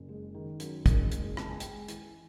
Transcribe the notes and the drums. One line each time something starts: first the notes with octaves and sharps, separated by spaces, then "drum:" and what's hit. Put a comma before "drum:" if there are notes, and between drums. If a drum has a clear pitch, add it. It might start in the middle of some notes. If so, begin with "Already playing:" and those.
Already playing: F#1
G#3
D#3
F#2, drum: hi-hat
F#1, drum: kick, hi-hat
G#3, drum: hi-hat
C#2 A5, drum: rim click
G#5
G#3 G5, drum: hi-hat
G#5
E3, drum: hi-hat